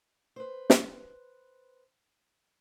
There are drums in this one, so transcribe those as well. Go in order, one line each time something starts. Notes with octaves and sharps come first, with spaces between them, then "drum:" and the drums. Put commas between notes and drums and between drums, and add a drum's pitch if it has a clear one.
B4 C5
drum: snare